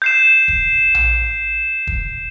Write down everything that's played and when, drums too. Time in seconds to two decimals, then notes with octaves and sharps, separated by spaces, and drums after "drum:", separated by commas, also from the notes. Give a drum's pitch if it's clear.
0.02 G6 C7 E7
0.48 drum: kick
0.95 drum: tom A#1
1.87 drum: kick